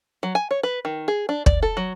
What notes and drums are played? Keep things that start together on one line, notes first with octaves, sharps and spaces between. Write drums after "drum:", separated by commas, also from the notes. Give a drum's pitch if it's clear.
F#3
G#5
C#5
B4
D#3
G#4
D4
D5, drum: kick
A4
F#3